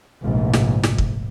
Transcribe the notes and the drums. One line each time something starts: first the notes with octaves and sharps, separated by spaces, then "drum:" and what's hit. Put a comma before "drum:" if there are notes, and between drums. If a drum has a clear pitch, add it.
F1 A#1 G#2
drum: snare
drum: snare
drum: kick